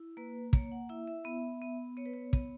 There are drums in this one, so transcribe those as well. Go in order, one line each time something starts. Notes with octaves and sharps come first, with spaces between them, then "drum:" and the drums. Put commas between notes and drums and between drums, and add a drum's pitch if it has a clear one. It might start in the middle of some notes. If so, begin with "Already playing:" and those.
Already playing: E4
A#3 B4
A#3 C#5, drum: kick
F#5
E4 E5
E5
B3 E5
B3
B3 C#5
B4
C#5
B3, drum: kick